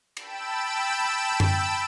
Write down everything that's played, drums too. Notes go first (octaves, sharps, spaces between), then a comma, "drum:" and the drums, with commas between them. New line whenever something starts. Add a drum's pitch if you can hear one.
G5 A5 B5 E6 D7 E7, drum: cymbal
drum: tom F#2